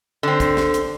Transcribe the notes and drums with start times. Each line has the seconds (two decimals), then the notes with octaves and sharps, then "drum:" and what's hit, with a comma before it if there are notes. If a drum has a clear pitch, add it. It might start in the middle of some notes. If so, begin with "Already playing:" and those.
0.23 D3 C4
0.40 drum: kick, hi-hat
0.57 drum: snare
0.74 drum: hi-hat